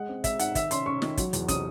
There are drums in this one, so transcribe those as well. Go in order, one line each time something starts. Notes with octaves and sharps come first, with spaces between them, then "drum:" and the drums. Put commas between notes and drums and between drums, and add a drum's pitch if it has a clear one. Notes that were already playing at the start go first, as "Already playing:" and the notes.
Already playing: G#3 F#5
C4
G#3 E5, drum: kick, hi-hat
G#2 F#5, drum: hi-hat
D#3 E5, drum: kick, hi-hat
C#4 C6, drum: hi-hat
C#4 C#6
D#3, drum: snare
F#3, drum: kick, hi-hat
E2, drum: hi-hat
C3 D#6, drum: kick, hi-hat